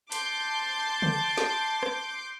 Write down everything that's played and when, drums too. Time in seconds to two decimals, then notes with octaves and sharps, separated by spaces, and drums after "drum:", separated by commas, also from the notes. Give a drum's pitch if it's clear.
0.12 A5 C6 D6 G6, drum: hi-hat
1.02 drum: tom C#3
1.38 drum: snare
1.83 drum: rim click